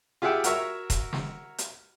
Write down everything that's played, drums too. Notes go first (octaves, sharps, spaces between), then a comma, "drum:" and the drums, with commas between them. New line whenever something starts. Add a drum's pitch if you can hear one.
F4 G4 G#4 E5 F#5 G5
F#4 A#4 C#5 E5 A#5, drum: hi-hat
drum: kick D#1, hi-hat
drum: snare
drum: hi-hat